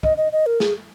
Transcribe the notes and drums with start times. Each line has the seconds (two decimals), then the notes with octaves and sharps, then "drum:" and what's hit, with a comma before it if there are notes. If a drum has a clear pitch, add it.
0.03 D#5, drum: kick
0.17 D#5
0.32 D#5
0.46 A#4
0.60 G#4, drum: snare